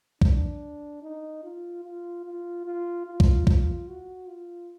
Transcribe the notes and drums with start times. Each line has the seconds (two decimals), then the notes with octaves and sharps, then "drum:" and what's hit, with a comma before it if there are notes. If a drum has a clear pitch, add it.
0.21 D4, drum: kick
1.03 D#4
1.44 F4
1.84 F4
2.25 F4
2.66 F4
3.07 F4
3.20 drum: kick
3.47 F4, drum: kick
3.88 F#4
4.28 F4